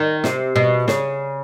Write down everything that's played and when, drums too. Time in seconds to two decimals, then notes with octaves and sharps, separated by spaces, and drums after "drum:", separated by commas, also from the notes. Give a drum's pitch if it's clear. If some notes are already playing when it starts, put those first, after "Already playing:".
Already playing: D#3
0.24 C3, drum: snare
0.56 B2
0.88 C#3, drum: snare